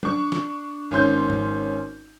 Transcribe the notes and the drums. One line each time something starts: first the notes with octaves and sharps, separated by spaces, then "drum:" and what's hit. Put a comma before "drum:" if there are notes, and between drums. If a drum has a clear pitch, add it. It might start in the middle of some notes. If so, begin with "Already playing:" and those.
D4 C#6, drum: tom
drum: snare
G#1 C#4 C6 G6
drum: tom G#2